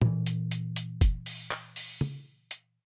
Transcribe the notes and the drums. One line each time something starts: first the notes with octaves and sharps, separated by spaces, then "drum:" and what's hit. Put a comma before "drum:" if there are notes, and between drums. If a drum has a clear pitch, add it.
A#2 E3, drum: tom
drum: hi-hat
drum: hi-hat
drum: hi-hat
drum: kick F#1, hi-hat
drum: open hi-hat
drum: clap
drum: open hi-hat
drum: tom
drum: hi-hat